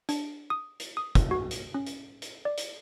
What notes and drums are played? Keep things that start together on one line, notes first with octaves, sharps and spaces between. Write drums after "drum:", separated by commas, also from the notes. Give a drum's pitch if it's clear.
D4, drum: hi-hat
D#6
drum: hi-hat
D#6
drum: kick, hi-hat
F#4
drum: hi-hat
C#4
drum: hi-hat
drum: hi-hat
D5
drum: hi-hat